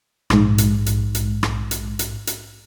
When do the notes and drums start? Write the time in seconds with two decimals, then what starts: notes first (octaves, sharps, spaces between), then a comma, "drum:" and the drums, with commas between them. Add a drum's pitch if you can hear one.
0.30 A#1 G#2, drum: rim click
0.58 drum: hi-hat
0.86 drum: hi-hat
1.15 drum: hi-hat
1.43 drum: rim click
1.71 drum: hi-hat
1.99 drum: hi-hat
2.27 drum: hi-hat